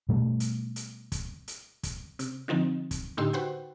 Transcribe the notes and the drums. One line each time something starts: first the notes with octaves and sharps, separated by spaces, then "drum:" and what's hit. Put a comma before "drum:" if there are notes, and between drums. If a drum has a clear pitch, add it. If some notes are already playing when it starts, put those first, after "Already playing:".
B2 G3 A3
drum: hi-hat
drum: hi-hat
drum: kick, hi-hat
drum: hi-hat
drum: kick, hi-hat
C3, drum: hi-hat
D3 F3 C4 D#4
drum: kick, hi-hat
A2 D3 D#4 G4 C6 E6
F#4 B4 C5 F#5 G5